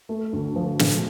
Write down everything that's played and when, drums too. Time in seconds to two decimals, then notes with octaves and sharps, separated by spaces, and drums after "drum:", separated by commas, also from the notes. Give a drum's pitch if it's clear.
0.09 A3
0.33 D2
0.56 F3
0.79 D3, drum: snare